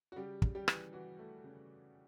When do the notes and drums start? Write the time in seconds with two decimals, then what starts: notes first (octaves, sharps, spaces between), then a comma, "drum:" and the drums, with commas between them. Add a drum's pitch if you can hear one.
0.12 F#4
0.16 C#3 G3 G4
0.42 C#3, drum: kick
0.55 G3 G4
0.68 E3, drum: rim click
0.93 E3 F#4
1.19 A3
1.44 C#3